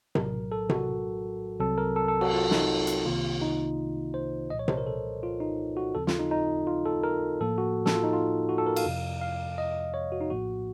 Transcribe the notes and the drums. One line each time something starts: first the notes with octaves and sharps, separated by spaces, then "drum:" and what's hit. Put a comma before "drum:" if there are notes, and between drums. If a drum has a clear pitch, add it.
A#1 A2 F#3 A#4, drum: tom C3
A4
F#4, drum: tom C3
C2 C3 F#3 C4 A4
A#4
A4
A4
F#4, drum: cymbal
F4
D#4, drum: snare
drum: hi-hat
C2 C3 D#3 A#3 F4
D#4
C5
C2 A#2 F3 D#5
C#5
C5, drum: tom C3
A#4
A4
F4
D#4
F#4
D#2 C#3 F3 C4 A4
F4, drum: snare
D#4
D#4
F4
A4
A#4
A2 F3 A#3 A4
F#4
A4, drum: snare
F4
D#4
F4
F#4
A4
A#4
F5, drum: cymbal
F2 C3 F3
F5
D#5
C#5
F#4
D#4
A#1 A2 F3 A#3 F#4